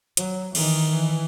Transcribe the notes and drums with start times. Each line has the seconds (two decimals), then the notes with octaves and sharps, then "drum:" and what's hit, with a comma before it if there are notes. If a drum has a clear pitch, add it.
0.17 F#3, drum: hi-hat
0.55 D#3 E3, drum: cymbal
0.90 E3